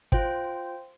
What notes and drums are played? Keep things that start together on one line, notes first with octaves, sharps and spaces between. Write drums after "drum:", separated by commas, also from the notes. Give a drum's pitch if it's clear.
F4 C5 G5, drum: kick